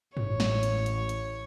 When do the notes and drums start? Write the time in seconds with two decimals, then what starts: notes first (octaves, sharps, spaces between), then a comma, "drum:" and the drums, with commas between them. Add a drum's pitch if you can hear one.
0.17 A1 C#5, drum: tom G2
0.40 drum: snare
0.63 drum: hi-hat
0.86 drum: hi-hat
1.09 drum: hi-hat